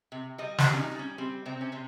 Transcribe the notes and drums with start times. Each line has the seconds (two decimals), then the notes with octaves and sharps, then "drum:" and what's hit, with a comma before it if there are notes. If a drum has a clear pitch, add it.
0.12 C3
0.38 G3 D#5
0.58 F4, drum: snare
0.65 G3
0.73 C#4
0.79 D#4
0.92 G3
0.99 C#4
1.18 G3 C4
1.46 C3 C4
1.61 C#4
1.72 C3 C4